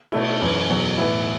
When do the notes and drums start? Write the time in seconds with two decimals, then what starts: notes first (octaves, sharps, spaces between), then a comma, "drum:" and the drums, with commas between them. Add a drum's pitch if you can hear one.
0.12 B2 A3 E4, drum: cymbal
0.41 F#2 E3 C#4 E4
0.70 E2 B2 F#3
0.98 A2 E3 B3 E4